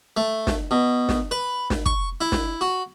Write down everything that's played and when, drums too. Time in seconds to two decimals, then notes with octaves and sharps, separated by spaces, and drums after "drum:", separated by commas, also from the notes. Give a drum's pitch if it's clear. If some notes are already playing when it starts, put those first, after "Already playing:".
0.17 A3
0.47 drum: snare
0.71 B2
1.09 drum: snare
1.31 B4
1.70 drum: snare
1.86 C#6, drum: kick
2.21 E4
2.32 drum: snare
2.61 F#4